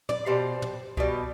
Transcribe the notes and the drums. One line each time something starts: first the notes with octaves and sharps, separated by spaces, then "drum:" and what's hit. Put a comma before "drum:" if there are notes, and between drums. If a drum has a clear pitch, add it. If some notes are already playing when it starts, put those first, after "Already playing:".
D5, drum: tom
B2 G3 C5
drum: tom
B2 G3, drum: kick C2